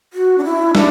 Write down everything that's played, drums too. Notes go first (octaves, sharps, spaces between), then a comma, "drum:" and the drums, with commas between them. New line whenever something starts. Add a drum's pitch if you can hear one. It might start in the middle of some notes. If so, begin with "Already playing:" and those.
F#4
D4
E4
D4, drum: snare